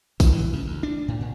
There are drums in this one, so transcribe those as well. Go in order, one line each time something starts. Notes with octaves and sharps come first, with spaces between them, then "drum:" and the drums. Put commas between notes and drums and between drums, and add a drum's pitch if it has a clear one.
E3, drum: kick A1, tambourine
E3
C#3
D2
D4
A2
A#2